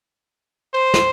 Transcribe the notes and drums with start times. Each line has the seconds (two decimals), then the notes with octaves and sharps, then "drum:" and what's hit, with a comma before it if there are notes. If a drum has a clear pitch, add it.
0.74 C5
0.94 drum: snare